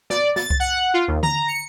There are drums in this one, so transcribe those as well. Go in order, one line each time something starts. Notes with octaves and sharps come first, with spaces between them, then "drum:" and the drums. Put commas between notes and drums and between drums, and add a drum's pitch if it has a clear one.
D5, drum: snare
A6, drum: snare
drum: kick C2
F#5
F4
D#2
A#5, drum: tom D3
C#7